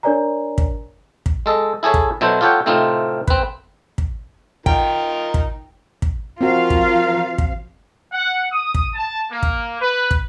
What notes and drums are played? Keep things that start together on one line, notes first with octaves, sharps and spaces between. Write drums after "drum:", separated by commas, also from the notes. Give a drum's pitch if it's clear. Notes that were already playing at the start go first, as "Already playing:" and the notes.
D4 A#4 C#5 D5 G#5 A#5
drum: kick
drum: kick
G#3 A4 D#5
E4 G#4 A4 C#5 E5
drum: kick
B2 F#3 E4 A4 C5 A#5
F4 G4 A4 C#5 F#5 G5
A2 C3 A3 C4 D#4 F4
C4 B4, drum: kick
drum: kick
D#4 F4 A#4 G5, drum: kick
drum: kick
drum: kick
F3 C4 F4 F#4 A#4 F5
drum: kick
drum: kick
F#5
D#6
drum: kick
A5
A#3
drum: kick
B4
drum: kick